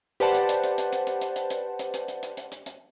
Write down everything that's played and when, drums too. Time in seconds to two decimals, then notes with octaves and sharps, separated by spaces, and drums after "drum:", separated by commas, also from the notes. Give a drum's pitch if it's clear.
0.20 G4 B4 C5 D5 F#5 A5
0.35 drum: hi-hat
0.49 drum: hi-hat
0.64 drum: hi-hat
0.78 drum: hi-hat
0.93 drum: hi-hat
1.07 drum: hi-hat
1.21 drum: hi-hat
1.36 drum: hi-hat
1.50 drum: hi-hat
1.79 drum: hi-hat
1.94 drum: hi-hat
2.08 drum: hi-hat
2.23 drum: hi-hat
2.37 drum: hi-hat
2.52 drum: hi-hat
2.66 drum: hi-hat